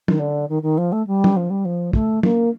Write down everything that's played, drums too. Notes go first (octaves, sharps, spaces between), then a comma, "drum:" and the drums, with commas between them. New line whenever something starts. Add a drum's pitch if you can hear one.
D#3, drum: tom
D3
D#3
D#3
F3
A3
G3
drum: tom
F3
G3
F3
A3, drum: kick
A#3, drum: tom